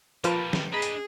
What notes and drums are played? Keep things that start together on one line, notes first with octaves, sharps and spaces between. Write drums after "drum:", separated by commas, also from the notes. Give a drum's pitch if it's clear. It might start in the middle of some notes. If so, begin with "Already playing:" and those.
A#2 F3 G3 A#3 F4 B4 A5, drum: hi-hat
drum: snare
D4 G#4 D#5 A#5 B5
drum: hi-hat